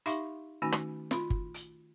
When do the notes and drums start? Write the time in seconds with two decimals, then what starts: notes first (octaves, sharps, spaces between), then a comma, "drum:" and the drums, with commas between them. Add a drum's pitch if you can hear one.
0.06 D#4 G4 E5 F5 C6 C#6, drum: hi-hat
0.62 D#3 A3 C#4 D#4 F#4 G#5
0.72 drum: rim click
1.11 F4 B5 C6, drum: snare
1.30 drum: kick G1
1.54 drum: hi-hat